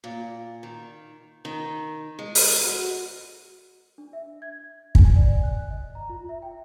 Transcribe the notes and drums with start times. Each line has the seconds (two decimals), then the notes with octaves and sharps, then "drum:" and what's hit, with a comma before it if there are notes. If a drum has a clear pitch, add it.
0.04 A#2
0.63 D#3
1.45 D#3
2.19 G#3
2.35 drum: open hi-hat
2.62 F#4
3.98 D4
4.13 E5
4.42 G#6
4.95 G#5, drum: kick
5.16 D5
5.44 F#6
5.71 D#5
5.95 A#5
6.09 F4
6.29 E5
6.42 G5